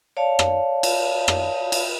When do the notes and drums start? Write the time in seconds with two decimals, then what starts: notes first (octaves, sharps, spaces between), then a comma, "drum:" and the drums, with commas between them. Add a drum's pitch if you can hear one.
0.17 C#5 D5 F5 A5
0.39 drum: rim click
0.83 drum: cymbal
1.28 drum: rim click
1.72 drum: cymbal